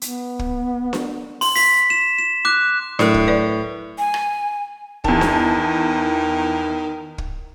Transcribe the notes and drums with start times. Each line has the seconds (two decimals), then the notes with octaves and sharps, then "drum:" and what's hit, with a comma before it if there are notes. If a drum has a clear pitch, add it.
0.02 B3, drum: hi-hat
0.39 drum: kick
0.93 drum: snare D4
1.41 C6, drum: open hi-hat
1.56 B6, drum: open hi-hat
1.90 E7
2.19 E7
2.45 D6 F#6
2.99 A2 F#3 A#4, drum: snare D4
3.14 drum: kick
3.27 B4 D5
3.98 G#5
4.14 drum: rim click
5.04 E2 D#3 A5, drum: kick
5.21 drum: snare D4
7.18 drum: kick